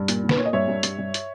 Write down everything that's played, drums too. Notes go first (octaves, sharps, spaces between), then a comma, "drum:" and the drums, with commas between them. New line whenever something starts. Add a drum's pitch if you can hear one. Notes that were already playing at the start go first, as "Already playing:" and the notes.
Already playing: G2
A#2, drum: hi-hat
A#2
B4, drum: snare
A#2 C#5
D#5
G2 C#5 E5
G2
G2, drum: hi-hat
G2
drum: hi-hat